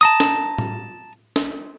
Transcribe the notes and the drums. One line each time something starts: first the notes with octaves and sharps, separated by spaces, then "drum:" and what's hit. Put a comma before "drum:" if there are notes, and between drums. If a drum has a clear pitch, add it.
A5 A#5 D#6
drum: snare
drum: tom A2
drum: snare